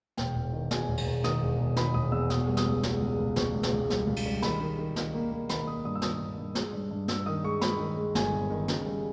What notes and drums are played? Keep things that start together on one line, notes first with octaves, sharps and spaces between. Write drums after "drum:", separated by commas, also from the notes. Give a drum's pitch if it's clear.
E1 G5, drum: snare
E1
D#3
E2 G#5, drum: snare
E1
drum: cymbal
E1
D#3 D#6, drum: snare
E1
E1
D#3 B5, drum: snare
E1 D#6
E2 E6
B2 D#6, drum: snare
G3
D#6, drum: snare
C#2
B2, drum: snare
C#2
C#2
C#2 C#6, drum: snare
C#2
drum: snare
C#2
G3, drum: snare
C#2
drum: cymbal
G3
D#3 B5, drum: snare
D#3
D#3
D#3, drum: snare
A#3
A#3
D#3 B5, drum: snare
A#3 D#6
G2 D#6
E6
D#3 D#6, drum: snare
G2
G2
G#3, drum: snare
G2
G2
G2 E6, drum: snare
D#3 D#6
G#3 C#6
G#3 B5, drum: snare
D#3
G#3
G1 G#5, drum: snare
G1
D#3
C#3, drum: snare
G3